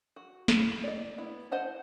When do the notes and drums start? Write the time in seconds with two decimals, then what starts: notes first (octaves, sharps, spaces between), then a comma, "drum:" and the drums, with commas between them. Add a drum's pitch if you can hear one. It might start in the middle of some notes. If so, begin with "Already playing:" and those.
0.16 F#4
0.48 drum: snare
0.59 E4
0.84 D5 D#5
1.18 B3 E4
1.51 C5 D#5 F#5 A5